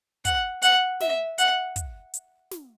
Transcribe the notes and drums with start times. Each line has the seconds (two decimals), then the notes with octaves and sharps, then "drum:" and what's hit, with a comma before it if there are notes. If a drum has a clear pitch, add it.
0.25 F#5, drum: kick, hi-hat
0.62 F#5, drum: hi-hat
1.00 E5, drum: snare
1.38 F#5, drum: hi-hat
1.76 drum: kick, hi-hat
2.14 drum: hi-hat
2.51 drum: snare